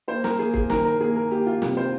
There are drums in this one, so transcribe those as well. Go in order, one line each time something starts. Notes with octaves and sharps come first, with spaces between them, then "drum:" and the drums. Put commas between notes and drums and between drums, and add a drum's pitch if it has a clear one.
A#3 C5
A#4, drum: snare
A#3 G#4
G#4, drum: kick
D#3 A#4, drum: snare
A#4
A#3 G#4
A#4
A#3 G4
F4
C3, drum: snare
C5